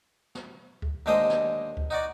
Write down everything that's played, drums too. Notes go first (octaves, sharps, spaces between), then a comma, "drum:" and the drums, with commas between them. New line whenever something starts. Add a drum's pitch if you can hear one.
drum: snare
drum: kick C#2
D#2 D3 G#3 C5 D#5
drum: snare
drum: kick C#2
D#4 F#4 D5